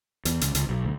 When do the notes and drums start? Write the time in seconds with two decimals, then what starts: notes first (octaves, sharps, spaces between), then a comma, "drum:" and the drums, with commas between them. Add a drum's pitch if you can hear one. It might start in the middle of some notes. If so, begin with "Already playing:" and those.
0.25 E2, drum: hi-hat
0.41 C#2, drum: hi-hat
0.55 C#2, drum: hi-hat
0.69 B1
0.85 D2